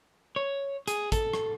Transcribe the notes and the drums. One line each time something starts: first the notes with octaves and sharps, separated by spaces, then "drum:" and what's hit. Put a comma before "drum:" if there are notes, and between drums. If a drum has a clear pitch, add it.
C#5
G#4, drum: hi-hat
A4, drum: kick, hi-hat
drum: rim click